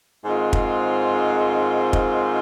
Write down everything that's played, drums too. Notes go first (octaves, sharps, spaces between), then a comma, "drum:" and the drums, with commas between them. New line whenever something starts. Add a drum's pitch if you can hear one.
G#2 D#3 G#3 C4 F4
drum: kick
drum: kick